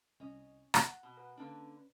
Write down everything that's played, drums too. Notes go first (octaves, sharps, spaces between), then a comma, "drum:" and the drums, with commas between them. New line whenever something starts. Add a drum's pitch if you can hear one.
C2 C#4 D#5
drum: rim click
F#5
B2
A#4 B4 F#5
D3 A#3 C#4 D4 B4